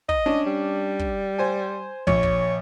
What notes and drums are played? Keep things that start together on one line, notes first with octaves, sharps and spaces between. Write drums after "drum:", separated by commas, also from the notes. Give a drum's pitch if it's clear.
D#5, drum: kick
C#4 D4
G3
drum: kick
C5 G#5
A#1 C#5, drum: kick
drum: kick